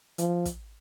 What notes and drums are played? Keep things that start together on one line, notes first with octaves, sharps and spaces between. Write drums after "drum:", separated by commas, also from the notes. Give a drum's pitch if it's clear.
F3, drum: hi-hat
drum: kick, hi-hat